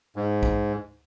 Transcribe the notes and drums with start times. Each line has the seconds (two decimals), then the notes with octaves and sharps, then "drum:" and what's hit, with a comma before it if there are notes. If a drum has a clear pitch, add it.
0.16 G#2
0.43 drum: kick